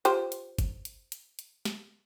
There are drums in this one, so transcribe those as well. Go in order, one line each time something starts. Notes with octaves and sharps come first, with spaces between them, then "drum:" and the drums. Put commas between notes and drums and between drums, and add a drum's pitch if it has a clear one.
F4 G4 C5, drum: hi-hat
drum: hi-hat
drum: kick G1, hi-hat
drum: hi-hat
drum: hi-hat
drum: hi-hat
drum: snare